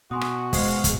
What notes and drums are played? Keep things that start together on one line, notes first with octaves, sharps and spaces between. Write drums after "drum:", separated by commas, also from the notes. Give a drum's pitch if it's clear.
B2 F#4 G#5 C6 D#6
drum: rim click
G#3 C5 F5, drum: kick, open hi-hat
drum: kick, hi-hat